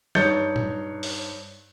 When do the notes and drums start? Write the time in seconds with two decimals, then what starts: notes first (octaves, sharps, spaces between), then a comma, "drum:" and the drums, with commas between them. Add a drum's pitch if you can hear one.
0.15 G2 D#4 C#5 G6 A6 C#7, drum: snare
0.56 drum: tom A#2
1.03 drum: open hi-hat